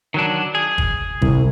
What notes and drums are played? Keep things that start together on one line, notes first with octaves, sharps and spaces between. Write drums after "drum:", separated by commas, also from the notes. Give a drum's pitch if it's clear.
D#3 F#3 D4
G#4
drum: kick
C2, drum: kick